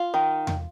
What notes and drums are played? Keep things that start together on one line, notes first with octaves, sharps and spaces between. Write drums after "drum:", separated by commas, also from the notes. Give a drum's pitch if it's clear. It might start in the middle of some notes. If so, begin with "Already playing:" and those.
Already playing: F4
D#3
drum: tom E2